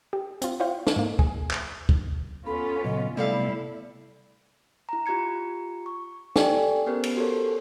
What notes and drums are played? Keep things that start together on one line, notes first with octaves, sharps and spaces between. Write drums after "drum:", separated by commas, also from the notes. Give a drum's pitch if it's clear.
G4
C4 F4, drum: hi-hat
E4 F4 C5 C#5 F5 G5
drum: snare
G#2 A#3
G#4, drum: kick D2
drum: clap
drum: kick D2
B3 C#4 F4 A4 B5
A#2 C#3 F#3 D#5
C3 G3 A3 B3 E4 A4 D5 F5
E4 A#5
F4 G4 A#5 G#6 C#7
C#6
G4 A4 D5 G5 G#5, drum: snare
B3 C#4 G4 A#4 C5
drum: cymbal
F#4 G4 A4 A#4 C5 C#5